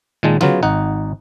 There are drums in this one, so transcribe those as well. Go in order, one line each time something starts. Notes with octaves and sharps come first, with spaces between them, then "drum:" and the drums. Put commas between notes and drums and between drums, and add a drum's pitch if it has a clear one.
A#2 D#3 G#3 A5
C#3 F#3 B3 F4, drum: tom C#3
G#1 D#4 F#5